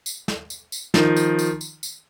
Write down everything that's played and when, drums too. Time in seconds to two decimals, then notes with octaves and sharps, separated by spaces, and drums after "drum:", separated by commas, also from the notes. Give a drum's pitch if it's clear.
0.06 drum: tambourine
0.28 drum: snare
0.50 drum: tambourine
0.72 drum: tambourine
0.94 D#3 F3, drum: snare
1.17 drum: tambourine
1.39 drum: tambourine
1.61 drum: tambourine
1.83 drum: tambourine